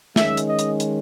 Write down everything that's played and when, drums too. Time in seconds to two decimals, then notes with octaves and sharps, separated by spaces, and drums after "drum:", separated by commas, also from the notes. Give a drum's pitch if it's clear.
0.16 D#3 G#3 C#4 E5, drum: snare
0.37 drum: hi-hat
0.48 D#5
0.59 drum: hi-hat
0.80 drum: hi-hat